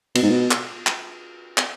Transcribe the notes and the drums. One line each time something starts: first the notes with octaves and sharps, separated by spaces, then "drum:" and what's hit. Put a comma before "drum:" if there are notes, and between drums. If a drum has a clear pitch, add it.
B2, drum: cymbal
G#2
B2
drum: clap
drum: clap
drum: clap